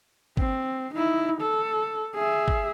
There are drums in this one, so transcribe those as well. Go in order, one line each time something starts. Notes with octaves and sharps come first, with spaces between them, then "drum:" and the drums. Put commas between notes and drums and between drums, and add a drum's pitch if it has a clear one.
C4, drum: kick
D#4 E4
A4
G#4 E5
drum: kick